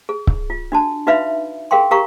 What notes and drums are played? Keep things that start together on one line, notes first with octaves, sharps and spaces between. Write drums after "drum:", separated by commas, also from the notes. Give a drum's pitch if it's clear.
G#4
drum: kick C#1
F4
D4 F#4 A5
D#4 F#4 B4 E5 F5 B5
G#4 A#4 F5 G5 C6
G4 A#4 F5 A#5 C#6